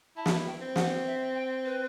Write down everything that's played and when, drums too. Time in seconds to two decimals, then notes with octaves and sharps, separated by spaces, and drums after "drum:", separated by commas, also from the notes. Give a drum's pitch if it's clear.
0.17 E4 A5
0.26 drum: snare
0.46 G5
0.61 C4
0.76 F#5, drum: snare
1.06 E5
1.34 G5
1.65 B4